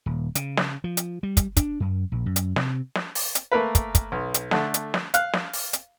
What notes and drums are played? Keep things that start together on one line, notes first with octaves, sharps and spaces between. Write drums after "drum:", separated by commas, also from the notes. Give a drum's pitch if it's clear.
D#1
C#3, drum: hi-hat
drum: snare
F3
drum: hi-hat
G3
drum: kick, hi-hat
D4, drum: kick, hi-hat
F#2
A#1
F#2
drum: hi-hat
C3, drum: snare
drum: snare
drum: open hi-hat
drum: hi-hat
A3 A#3 A#4 B4
drum: kick, hi-hat
drum: kick, hi-hat
B1
drum: hi-hat
D3 A3, drum: snare
drum: hi-hat
drum: snare
F5 F#6, drum: hi-hat
drum: snare
drum: open hi-hat
drum: hi-hat